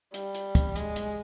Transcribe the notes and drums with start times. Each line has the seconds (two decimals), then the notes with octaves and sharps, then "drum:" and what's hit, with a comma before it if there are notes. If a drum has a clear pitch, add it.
0.14 G3, drum: hi-hat
0.35 drum: hi-hat
0.55 drum: kick, hi-hat
0.76 G#3, drum: hi-hat
0.96 drum: hi-hat